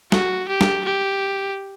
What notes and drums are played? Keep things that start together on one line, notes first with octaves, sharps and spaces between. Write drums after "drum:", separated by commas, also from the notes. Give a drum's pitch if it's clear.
F#4, drum: snare
G4
drum: snare
G4